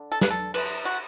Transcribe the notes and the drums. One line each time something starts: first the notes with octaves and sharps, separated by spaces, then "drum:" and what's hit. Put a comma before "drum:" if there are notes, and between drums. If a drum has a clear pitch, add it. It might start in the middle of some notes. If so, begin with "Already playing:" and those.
Already playing: D3
A4
B4, drum: snare
A4
B4, drum: cymbal
F#4